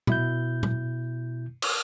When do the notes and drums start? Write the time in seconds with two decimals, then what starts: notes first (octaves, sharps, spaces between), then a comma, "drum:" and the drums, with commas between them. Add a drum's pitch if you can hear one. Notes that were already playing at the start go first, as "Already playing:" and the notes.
0.07 B2 E4 G6, drum: tom A#2
0.63 drum: tom A#2
1.62 drum: cymbal